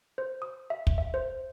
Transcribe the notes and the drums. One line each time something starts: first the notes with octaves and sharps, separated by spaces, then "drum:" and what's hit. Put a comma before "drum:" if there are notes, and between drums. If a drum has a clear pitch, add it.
C5
D#6
E5
drum: kick
E5
C5